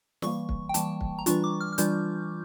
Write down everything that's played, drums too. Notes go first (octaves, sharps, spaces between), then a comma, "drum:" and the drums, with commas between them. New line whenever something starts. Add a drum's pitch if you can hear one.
E3 G3 A#3 C#6, drum: snare
drum: kick
G5
E3 G3 A#3 A5, drum: hi-hat
drum: kick
A#5
E3 G3 D4 F4 C#6, drum: hi-hat
D6
F6
F6
E3 G3 D4 F4 G6, drum: hi-hat